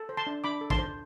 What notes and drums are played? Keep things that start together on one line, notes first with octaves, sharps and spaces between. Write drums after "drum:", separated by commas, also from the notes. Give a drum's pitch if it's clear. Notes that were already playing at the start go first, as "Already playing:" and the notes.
Already playing: A4
C5
A5 C6
D4
D4 B5 D6
A4
A5 C6, drum: kick A1
C5